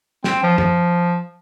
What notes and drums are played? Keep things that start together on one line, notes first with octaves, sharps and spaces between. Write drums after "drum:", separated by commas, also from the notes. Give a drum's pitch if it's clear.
C4, drum: snare
F3
F3, drum: tom F#2